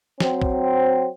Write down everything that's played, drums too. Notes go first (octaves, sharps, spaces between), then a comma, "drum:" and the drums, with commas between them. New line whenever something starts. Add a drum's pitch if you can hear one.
F#3 C4, drum: snare
drum: kick